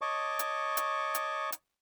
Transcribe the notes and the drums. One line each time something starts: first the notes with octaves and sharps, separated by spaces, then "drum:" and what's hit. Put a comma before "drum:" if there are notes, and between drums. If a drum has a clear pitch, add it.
C#5 D#5 A5 C#6 D6
drum: hi-hat
drum: hi-hat
drum: hi-hat
drum: hi-hat